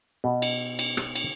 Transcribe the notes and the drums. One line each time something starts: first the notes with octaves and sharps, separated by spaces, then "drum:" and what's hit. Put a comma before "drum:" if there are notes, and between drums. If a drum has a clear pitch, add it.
B2
drum: cymbal
drum: cymbal
drum: rim click
drum: cymbal